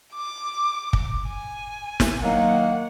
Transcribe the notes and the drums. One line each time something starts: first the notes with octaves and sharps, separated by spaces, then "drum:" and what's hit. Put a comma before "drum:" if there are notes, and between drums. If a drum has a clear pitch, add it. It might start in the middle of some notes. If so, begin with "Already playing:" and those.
D6
drum: kick
G#5
drum: snare
D#3 F#3 A#3 F#5